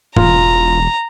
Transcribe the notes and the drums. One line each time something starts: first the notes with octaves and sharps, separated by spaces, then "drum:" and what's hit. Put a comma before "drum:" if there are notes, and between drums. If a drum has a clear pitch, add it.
E1 F4 A#5, drum: tom